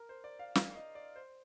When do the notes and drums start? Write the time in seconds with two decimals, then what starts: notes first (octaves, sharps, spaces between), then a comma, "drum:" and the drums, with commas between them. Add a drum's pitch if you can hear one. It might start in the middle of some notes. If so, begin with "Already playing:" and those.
Already playing: A#4
0.09 C5
0.24 D5
0.39 F5
0.55 F5, drum: snare
0.76 D#5
0.95 D5
1.16 C5